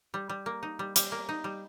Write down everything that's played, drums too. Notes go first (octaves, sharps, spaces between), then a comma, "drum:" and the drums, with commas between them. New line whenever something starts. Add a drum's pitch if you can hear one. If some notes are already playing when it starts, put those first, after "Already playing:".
G3
G3
A#3
D#4
G3
G3, drum: hi-hat
A#3
D#4
G3